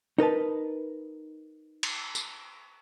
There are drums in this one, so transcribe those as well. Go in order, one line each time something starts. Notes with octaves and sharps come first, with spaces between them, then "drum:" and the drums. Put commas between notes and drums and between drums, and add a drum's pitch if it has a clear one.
D#4 A#4 B4 A5
drum: cymbal
drum: tambourine